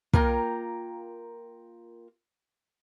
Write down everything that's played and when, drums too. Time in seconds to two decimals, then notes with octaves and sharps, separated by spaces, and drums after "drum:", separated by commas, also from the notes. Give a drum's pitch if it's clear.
0.13 A#3 F4 A#4 G5 A#5, drum: kick